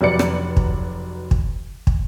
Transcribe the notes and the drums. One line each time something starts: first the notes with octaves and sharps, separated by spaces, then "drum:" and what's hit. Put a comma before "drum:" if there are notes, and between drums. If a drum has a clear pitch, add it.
F1 F#3 B4 D5 C#7
drum: rim click
drum: kick
drum: kick
drum: kick